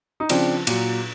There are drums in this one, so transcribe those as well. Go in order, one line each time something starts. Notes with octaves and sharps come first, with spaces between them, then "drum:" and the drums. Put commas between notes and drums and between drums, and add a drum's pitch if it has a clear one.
D#4
C#3 F3 C4 D4, drum: cymbal
A#2 F#3, drum: cymbal